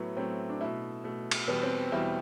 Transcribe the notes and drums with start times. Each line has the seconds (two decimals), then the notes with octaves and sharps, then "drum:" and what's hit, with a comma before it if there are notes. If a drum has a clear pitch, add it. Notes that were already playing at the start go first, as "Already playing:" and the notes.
Already playing: A2 F#3 A3 B3
0.16 A2 F#3 A3 C4
0.49 D4
0.60 B2 A3 E4
1.04 B2 A3
1.31 drum: cymbal
1.48 E2 B2 G3 B3
1.63 C4
1.92 E2 B2 G3 E4